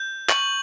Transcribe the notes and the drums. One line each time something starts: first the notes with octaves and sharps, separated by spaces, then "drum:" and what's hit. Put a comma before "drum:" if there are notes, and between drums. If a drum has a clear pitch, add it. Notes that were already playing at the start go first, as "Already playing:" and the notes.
Already playing: G6
C#6 F#7, drum: clap